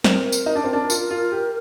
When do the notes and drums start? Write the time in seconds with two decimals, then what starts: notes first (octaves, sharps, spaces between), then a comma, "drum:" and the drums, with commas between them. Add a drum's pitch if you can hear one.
0.04 C4 A#4, drum: snare
0.32 drum: tambourine
0.46 D#4
0.55 D4
0.64 C4
0.73 D4
0.90 F4, drum: tambourine
1.10 F4
1.32 G4